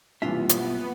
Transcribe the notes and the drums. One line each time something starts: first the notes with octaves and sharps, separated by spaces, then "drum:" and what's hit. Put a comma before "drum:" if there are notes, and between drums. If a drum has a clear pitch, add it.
B1 G2 C3 E3 A#3 B3 F4 E5
drum: hi-hat